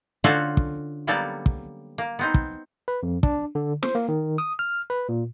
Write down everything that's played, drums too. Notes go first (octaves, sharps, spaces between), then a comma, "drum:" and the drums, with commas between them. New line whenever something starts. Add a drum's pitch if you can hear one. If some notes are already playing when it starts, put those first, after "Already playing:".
D3 C#4 F4 F#4 A4 C5
drum: kick
F#3 G3 A#3 B3 A4
drum: kick
A#3
B3 C4 D#4
drum: kick
B4
F2
D4, drum: kick
D3
C5, drum: snare
A#3
D#3
D#6
F6
B4
A#2